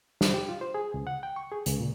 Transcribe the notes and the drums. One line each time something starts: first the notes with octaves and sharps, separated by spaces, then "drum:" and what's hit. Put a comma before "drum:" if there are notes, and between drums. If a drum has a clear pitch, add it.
C5, drum: snare
G4
F4
C5
G#4
C#2
F#5
G5
C#6
G#4
C#2, drum: hi-hat
A#2